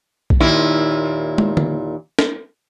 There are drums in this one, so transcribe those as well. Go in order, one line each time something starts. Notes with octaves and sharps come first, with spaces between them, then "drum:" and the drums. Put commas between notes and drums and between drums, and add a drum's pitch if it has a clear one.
drum: kick B1
D#2 A#2 E4
drum: tom
drum: tom
drum: snare